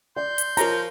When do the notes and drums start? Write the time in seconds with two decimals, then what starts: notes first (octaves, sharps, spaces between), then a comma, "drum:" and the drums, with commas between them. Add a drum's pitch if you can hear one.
0.16 D5 C6 G6
0.38 drum: hi-hat
0.57 F3 A#4 C#5 A#5 A#6, drum: hi-hat